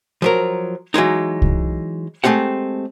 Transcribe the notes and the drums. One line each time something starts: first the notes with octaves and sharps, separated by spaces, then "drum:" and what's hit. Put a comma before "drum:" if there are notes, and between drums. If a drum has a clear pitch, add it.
F3 F#3 A#4
E3 F#3 G#3 D#4
drum: kick C2
G#3 A3 C4 G4 F#5